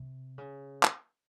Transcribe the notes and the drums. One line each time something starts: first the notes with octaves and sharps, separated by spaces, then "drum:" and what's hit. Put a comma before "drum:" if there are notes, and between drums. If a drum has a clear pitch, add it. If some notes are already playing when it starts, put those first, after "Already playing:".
Already playing: C3
C#3
drum: clap